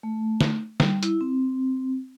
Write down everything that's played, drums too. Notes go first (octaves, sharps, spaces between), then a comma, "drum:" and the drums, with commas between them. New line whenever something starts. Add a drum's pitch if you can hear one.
A3
drum: snare
G3, drum: snare
E4, drum: hi-hat
C4